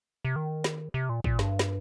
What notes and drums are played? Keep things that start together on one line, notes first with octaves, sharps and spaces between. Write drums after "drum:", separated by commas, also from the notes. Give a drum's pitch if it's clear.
C3
D#3
drum: snare
C3
A#2
A#2, drum: kick
G2, drum: snare
drum: snare